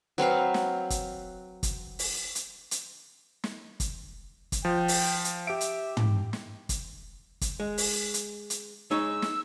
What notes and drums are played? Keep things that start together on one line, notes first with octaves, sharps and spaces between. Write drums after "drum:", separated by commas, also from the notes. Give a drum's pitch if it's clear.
F#3 C4 B4 F5
drum: snare
drum: kick, hi-hat
drum: kick, hi-hat
drum: open hi-hat
drum: hi-hat
drum: hi-hat
drum: snare
drum: kick, hi-hat
drum: kick, hi-hat
F3 G5
drum: open hi-hat
drum: hi-hat
G4 E5 D7
drum: hi-hat
drum: tom
drum: snare
drum: kick, hi-hat
drum: kick, hi-hat
G#3
drum: open hi-hat
drum: hi-hat
drum: hi-hat
G#3 D#4 C#5 E6
drum: snare